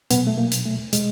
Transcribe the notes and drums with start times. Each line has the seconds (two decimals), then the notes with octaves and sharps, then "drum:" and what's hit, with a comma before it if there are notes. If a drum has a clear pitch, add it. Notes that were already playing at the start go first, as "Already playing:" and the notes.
0.11 B2 F#3 B3, drum: hi-hat
0.27 A3
0.38 A#3
0.52 drum: hi-hat
0.66 A3
0.93 B2 G#3, drum: hi-hat